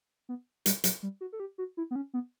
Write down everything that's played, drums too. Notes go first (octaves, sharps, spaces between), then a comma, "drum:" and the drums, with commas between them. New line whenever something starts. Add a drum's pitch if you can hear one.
B3
G3, drum: hi-hat
F#3, drum: hi-hat
G3
F#4
A4
G4
F#4
E4
B3
C#4
B3